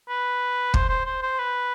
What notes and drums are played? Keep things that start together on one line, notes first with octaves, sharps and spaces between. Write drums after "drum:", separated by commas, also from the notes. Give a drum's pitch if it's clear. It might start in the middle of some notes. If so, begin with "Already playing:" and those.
B4
C5, drum: kick
C5
C5
C5
B4